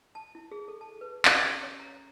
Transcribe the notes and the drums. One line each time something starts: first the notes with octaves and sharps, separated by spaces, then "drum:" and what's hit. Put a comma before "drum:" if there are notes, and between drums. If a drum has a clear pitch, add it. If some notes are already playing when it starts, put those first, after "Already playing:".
A5
E4
G#4
A4
A5
B4
C#4, drum: clap
G4
C#5
A#5